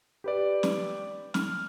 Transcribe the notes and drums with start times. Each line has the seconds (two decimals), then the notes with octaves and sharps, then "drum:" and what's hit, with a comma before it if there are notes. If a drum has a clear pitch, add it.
0.24 G4 B4 D5
0.63 drum: snare
1.34 F6, drum: snare